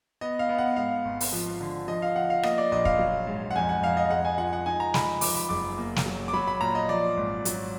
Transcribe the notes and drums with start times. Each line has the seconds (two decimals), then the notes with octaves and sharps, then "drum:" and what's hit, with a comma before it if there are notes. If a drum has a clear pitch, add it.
0.21 B3 D#5
0.39 F5
0.49 B3
0.58 F#5
0.76 G#2 F5
1.05 G#1
1.21 drum: open hi-hat
1.32 F3
1.61 D3
1.88 F3 D#5
2.02 F5
2.16 F3 F#5
2.30 F5
2.43 A#3 D#5, drum: rim click
2.58 D5
2.72 A#1 D#5
2.85 F5, drum: kick
2.99 F#3
3.27 G#2
3.51 F#5
3.55 F2 G#5
3.69 F#5
3.83 F2 F5
3.97 D#5
4.10 G#3 F#5
4.25 G#5
4.38 F3 F#5
4.53 F#5
4.66 D#4 G#5
4.80 A#5
4.94 G#3 B5, drum: snare
5.21 F3 D6, drum: open hi-hat
5.35 B5
5.49 F#1 D6
5.78 A#3
5.96 drum: snare
6.06 F#3
6.28 D6
6.33 F#3 B5
6.48 B5
6.61 A#2 A#5
6.75 D#5
6.89 F3 D5
7.17 G#1
7.45 F#3, drum: hi-hat